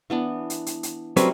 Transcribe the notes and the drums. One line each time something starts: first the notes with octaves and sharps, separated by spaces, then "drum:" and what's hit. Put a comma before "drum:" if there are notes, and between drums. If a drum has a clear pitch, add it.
E3 B3 D4
drum: hi-hat
drum: hi-hat
drum: hi-hat
F#3 G3 A3 C4 C#4 B4, drum: hi-hat